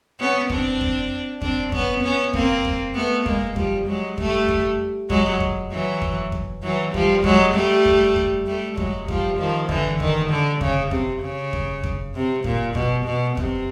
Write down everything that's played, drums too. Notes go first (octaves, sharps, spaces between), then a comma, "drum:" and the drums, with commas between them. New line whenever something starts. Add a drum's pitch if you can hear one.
B3 C#4
C4 D4, drum: kick F2
drum: kick F2
C4 D4, drum: kick F2
B3 C#4, drum: kick F2
B3 C#4
A#3 C4, drum: kick F2
drum: kick F2
A3 B3
G#3 A#3, drum: kick F2
F3 G3, drum: kick F2
F#3 G#3
G3 A3, drum: kick F2
drum: kick F2
F#3 G#3, drum: kick F2
drum: kick F2
E3 F#3
drum: kick F2
drum: kick F2
E3 F#3
F3 G3, drum: kick F2
F#3 G#3, drum: kick F2
G3 A3
drum: kick F2
drum: kick F2
G3 A3
F#3 G#3, drum: kick F2
F3 G3, drum: kick F2
D#3 F3
D3 E3, drum: kick F2
D#3, drum: kick F2
D3
C#3, drum: kick F2
C3, drum: kick F2
C#3
drum: kick F2
drum: kick F2
C3
A#2, drum: kick F2
B2, drum: kick F2
B2
C3, drum: kick F2